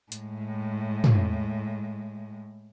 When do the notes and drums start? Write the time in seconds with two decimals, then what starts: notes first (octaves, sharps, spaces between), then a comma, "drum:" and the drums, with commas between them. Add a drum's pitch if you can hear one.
0.12 A2 G#3, drum: hi-hat
1.04 drum: tom